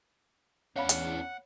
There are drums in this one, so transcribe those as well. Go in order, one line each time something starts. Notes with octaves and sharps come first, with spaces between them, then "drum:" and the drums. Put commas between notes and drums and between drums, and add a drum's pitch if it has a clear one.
E2 C#4 D4 C#5 F5 F#5 B5
drum: hi-hat